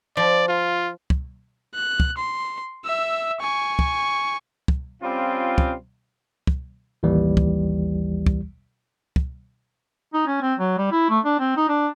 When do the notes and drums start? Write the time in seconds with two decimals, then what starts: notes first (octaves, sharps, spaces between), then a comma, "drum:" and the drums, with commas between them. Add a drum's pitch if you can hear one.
0.17 F3 D5
0.48 F4
1.10 drum: kick
1.75 F#6
2.00 drum: kick
2.18 C6
2.85 E5 E6
3.40 G#5 C#6
3.79 drum: kick
4.68 drum: kick
5.03 G3 C4 C#4 F4
5.58 drum: kick
6.47 drum: kick
7.03 A1 D#2 E3 G3
7.37 drum: kick
8.26 drum: kick
9.16 drum: kick
10.14 D#4
10.27 C#4
10.42 C4
10.59 F#3
10.78 G3
10.92 E4
11.10 A3
11.25 D4
11.40 C4
11.57 D#4
11.69 D4